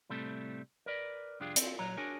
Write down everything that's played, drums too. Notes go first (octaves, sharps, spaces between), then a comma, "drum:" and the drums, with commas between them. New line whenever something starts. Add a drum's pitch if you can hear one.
A2 C3 G3 A3 C4 A4
A#4 B4 D5
C2 F2 D4 F4 G4 G#4
C4, drum: hi-hat
A#2 F#3 C#5 A#5
D4 F#4 G#4 A#4 C#5